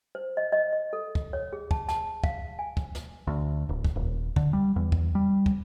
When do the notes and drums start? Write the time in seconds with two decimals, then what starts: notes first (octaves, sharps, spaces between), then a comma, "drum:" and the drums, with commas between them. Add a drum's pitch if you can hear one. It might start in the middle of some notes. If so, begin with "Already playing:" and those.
0.15 C5
0.37 D#5
0.52 D#5
0.73 D#5
0.93 A4
1.15 drum: kick
1.33 C#5
1.53 G#4
1.71 A5, drum: kick
1.89 A5, drum: snare
2.24 F5, drum: kick
2.59 G#5
2.77 drum: kick
2.95 drum: snare
3.27 D2
3.69 D1
3.85 drum: kick
3.96 D#1
4.36 D3, drum: kick
4.53 G3
4.76 E2
4.92 drum: kick
5.15 G3
5.46 drum: kick